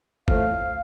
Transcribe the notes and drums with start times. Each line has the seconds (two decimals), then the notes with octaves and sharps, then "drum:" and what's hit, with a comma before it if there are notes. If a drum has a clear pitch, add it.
0.28 A2 F3 A3 F5, drum: kick G1